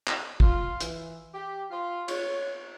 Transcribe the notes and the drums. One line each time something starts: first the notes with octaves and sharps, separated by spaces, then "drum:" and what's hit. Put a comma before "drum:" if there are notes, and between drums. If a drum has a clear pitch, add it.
drum: clap
F4, drum: kick
E3, drum: hi-hat
G4
F4
C#5, drum: cymbal